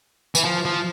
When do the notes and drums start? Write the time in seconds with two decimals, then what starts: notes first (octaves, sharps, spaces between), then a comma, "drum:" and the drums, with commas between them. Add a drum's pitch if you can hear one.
0.35 E3, drum: tambourine
0.45 F3
0.65 F3